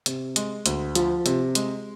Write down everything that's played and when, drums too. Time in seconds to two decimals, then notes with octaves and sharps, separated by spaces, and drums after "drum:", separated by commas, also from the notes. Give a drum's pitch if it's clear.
0.06 C3, drum: hi-hat
0.36 G#3, drum: hi-hat
0.66 D2, drum: hi-hat
0.95 F3, drum: hi-hat
1.26 C3, drum: hi-hat
1.55 G#3, drum: hi-hat